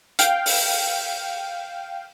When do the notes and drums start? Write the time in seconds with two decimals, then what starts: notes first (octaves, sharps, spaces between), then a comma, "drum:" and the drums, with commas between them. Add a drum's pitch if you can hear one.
0.19 F5 G5, drum: hi-hat
0.46 drum: open hi-hat